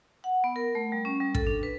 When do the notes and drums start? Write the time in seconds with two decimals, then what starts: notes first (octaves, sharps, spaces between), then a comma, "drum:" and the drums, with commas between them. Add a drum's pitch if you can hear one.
0.24 F#5
0.44 B3
0.56 A#4
0.75 A3
0.92 G3
1.05 C#4
1.20 G3
1.35 A4, drum: kick
1.47 D4
1.63 B4